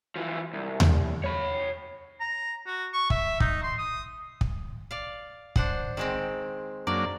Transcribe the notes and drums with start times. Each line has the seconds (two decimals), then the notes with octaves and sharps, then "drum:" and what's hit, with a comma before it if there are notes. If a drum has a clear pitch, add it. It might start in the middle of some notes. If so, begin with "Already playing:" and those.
0.16 E3 F3
0.53 C2
0.80 drum: tom D#2
1.24 C#5 B5
2.20 A#5
2.66 F#4
2.93 C#6
3.10 E5, drum: kick
3.40 D#4, drum: kick
3.63 C6
3.78 D#6
4.41 drum: kick
4.91 D5 F5
5.56 D4 C5 F#5, drum: kick
5.97 D#3 G#3 C4
6.87 F#2 A#3 D4 D5